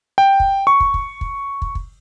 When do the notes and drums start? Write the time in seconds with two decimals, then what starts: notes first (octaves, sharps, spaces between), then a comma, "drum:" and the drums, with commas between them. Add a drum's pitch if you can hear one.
0.18 G5
0.40 drum: kick
0.67 C#6
0.80 drum: kick
0.94 drum: kick
1.21 drum: kick
1.62 drum: kick
1.75 drum: kick